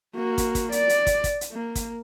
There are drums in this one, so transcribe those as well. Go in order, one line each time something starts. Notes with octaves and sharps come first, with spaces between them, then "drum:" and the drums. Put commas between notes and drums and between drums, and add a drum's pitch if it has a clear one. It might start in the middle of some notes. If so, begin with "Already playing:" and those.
A#3 F#4
drum: kick, hi-hat
drum: kick, hi-hat
D5, drum: hi-hat
drum: hi-hat
drum: kick, hi-hat
drum: kick, hi-hat
drum: hi-hat
A#3
drum: kick, hi-hat